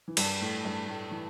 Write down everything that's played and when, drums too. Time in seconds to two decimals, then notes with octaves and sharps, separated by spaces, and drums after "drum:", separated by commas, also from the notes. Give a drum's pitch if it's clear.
0.08 E3
0.17 G2 G3, drum: cymbal
0.41 A2 A3
0.65 G2 G3
0.88 A2 A3
1.11 E3